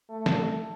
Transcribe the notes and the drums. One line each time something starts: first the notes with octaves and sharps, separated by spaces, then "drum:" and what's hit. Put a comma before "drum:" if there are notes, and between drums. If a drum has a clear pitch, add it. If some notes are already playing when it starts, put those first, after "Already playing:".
A3
drum: snare